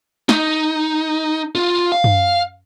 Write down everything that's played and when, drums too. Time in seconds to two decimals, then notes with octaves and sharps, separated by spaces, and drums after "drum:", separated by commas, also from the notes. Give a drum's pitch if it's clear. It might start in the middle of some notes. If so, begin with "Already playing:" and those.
0.29 D#4, drum: snare
1.55 F4
1.92 F5
2.04 drum: tom F#2